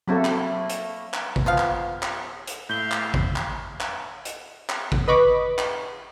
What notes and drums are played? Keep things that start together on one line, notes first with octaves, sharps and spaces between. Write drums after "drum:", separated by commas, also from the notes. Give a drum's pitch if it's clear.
F#3 A3 A#3 C4 A4 B5
drum: clap
drum: hi-hat
drum: clap
drum: kick G#1
F3 B3 F5
drum: clap
drum: clap
drum: hi-hat
A2 E5 F5 G6 G7
drum: clap
drum: kick G#1
drum: clap
drum: clap
drum: hi-hat
drum: clap
drum: kick G#1
B4 D#5 B5 C#6 D6
drum: clap